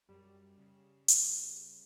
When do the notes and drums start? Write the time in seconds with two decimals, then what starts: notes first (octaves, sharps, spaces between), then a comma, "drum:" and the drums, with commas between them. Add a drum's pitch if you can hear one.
0.09 F#2 F#3 G3
0.58 C#3
1.08 drum: hi-hat